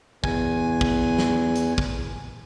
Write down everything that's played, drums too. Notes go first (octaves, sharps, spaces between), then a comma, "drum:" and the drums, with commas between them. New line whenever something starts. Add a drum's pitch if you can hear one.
E2 G#5, drum: kick
drum: kick
drum: snare
drum: hi-hat
drum: kick